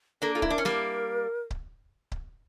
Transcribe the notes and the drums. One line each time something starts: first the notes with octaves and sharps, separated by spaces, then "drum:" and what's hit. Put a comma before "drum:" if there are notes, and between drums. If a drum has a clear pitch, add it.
A#3 D4 A4
F4 A4
E4, drum: kick C#1
D4 A#4
C#4
G3 A#3, drum: snare
drum: kick C#1
drum: kick C#1